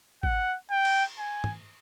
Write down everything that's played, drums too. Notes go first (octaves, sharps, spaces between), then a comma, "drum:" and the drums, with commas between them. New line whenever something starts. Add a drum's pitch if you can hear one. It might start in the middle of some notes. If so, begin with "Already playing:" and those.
F#5, drum: kick
G5
drum: cymbal
G#5
drum: tom